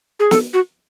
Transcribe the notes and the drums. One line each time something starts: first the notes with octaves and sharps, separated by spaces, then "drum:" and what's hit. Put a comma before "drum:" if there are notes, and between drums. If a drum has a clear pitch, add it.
G#4
A4, drum: snare
F#4